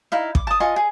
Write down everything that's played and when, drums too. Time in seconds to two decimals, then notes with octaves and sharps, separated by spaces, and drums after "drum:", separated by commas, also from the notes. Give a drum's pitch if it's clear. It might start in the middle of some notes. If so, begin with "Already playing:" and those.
0.12 D#4 E4 F5
0.35 D6, drum: kick
0.47 A5 D#6
0.60 F4 D#5 G#5 C#6
0.76 G#4